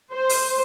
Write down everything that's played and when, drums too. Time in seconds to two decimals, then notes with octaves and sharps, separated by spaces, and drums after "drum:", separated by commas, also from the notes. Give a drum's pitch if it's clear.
0.13 C5
0.29 drum: open hi-hat